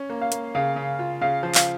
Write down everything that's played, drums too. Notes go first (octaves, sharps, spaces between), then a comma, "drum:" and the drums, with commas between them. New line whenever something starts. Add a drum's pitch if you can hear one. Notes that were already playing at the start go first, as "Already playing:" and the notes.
Already playing: C#4
A#3
F5
A#3, drum: hi-hat
C#3 F5
C#3
F4
C#3 F5
F3
F5, drum: clap